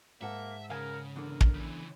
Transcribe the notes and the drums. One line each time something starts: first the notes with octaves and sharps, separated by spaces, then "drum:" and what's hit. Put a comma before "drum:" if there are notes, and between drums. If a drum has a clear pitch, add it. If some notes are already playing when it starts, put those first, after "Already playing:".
G#2 A#3 E5 F#5 A5
C#3 A#4 F5 G#5
E2 D3 D4 A#4
drum: kick
C#3 E3